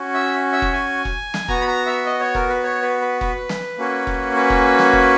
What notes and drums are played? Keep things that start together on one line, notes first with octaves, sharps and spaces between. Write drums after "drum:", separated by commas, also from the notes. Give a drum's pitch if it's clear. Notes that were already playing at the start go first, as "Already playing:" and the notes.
Already playing: C#4 F#4
E5
E5
drum: kick F1
G#5
drum: kick F1
drum: snare
B3 F#4 A#5, drum: kick F1
B5
A#5
E5
D#5
C#5
A#4, drum: kick F1
B4
C#5
B4
B4
B4, drum: kick F1
drum: snare
A#3 C#4 F#4
drum: kick F1
B4
drum: kick F1
drum: snare
drum: kick F1